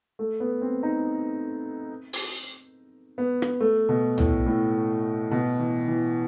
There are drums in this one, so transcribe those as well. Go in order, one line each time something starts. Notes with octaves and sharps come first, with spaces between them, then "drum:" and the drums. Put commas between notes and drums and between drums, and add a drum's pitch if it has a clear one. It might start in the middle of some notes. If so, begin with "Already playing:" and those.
A3
B3
C4
D#4
drum: open hi-hat
B3
drum: rim click
A3
B2
A2, drum: tom C2
A2
B2
E3
E3